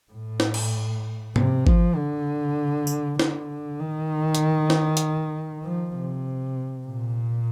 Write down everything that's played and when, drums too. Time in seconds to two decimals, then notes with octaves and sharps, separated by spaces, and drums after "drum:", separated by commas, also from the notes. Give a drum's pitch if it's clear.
0.13 A2
0.40 drum: snare
0.54 drum: cymbal
1.36 C3, drum: tom G#2
1.67 F3, drum: kick G#1
1.96 D3
2.87 drum: tambourine
3.19 D3, drum: snare
3.80 D#3
4.35 drum: hi-hat
4.70 drum: snare
4.97 drum: hi-hat
5.64 F3
5.94 C3
6.85 A#2